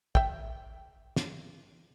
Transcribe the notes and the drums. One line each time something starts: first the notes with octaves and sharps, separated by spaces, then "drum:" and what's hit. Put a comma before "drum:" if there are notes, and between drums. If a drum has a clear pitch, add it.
E5 G5, drum: kick
drum: snare